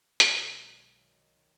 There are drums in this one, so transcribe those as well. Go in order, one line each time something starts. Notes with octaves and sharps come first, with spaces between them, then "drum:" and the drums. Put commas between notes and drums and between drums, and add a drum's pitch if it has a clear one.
B1 B2 D#3 G#3, drum: hi-hat